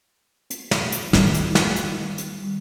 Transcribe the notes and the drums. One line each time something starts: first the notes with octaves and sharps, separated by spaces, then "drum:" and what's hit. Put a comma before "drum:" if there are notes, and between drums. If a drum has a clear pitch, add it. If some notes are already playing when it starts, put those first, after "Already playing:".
drum: hi-hat
drum: snare
drum: hi-hat
D#3 G3, drum: snare
drum: hi-hat
drum: snare
drum: hi-hat
drum: hi-hat